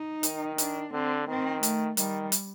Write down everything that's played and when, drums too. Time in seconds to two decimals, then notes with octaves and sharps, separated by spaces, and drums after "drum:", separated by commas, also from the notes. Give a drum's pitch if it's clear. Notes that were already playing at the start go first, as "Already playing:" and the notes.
Already playing: D#4
0.23 D#3, drum: hi-hat
0.58 D4, drum: hi-hat
0.93 D3 C4
1.28 D#3 C4
1.63 A3, drum: hi-hat
1.97 D#3 G3, drum: hi-hat
2.32 drum: hi-hat